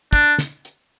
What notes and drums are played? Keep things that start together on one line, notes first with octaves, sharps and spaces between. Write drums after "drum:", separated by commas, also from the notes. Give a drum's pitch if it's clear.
D4, drum: kick, hi-hat
drum: snare
drum: hi-hat